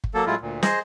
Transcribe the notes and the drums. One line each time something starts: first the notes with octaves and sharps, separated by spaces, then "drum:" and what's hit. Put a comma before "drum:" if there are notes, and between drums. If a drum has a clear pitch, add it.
drum: kick
F#3 A#3 A4
A2 F#3 G#3 E4 F4
D2 A#2
G#4 C5 D#5, drum: snare